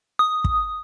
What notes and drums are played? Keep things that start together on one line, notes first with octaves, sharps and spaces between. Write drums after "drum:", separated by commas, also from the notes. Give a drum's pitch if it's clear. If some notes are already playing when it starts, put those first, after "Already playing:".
D#6
drum: kick